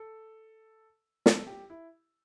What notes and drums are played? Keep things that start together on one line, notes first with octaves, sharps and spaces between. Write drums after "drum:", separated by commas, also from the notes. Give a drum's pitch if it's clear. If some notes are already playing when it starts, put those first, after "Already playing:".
Already playing: A4
A4, drum: snare
G4
E4